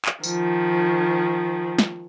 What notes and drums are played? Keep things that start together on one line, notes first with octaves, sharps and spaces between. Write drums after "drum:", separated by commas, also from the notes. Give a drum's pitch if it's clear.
drum: clap
D#3 F3, drum: tambourine
drum: snare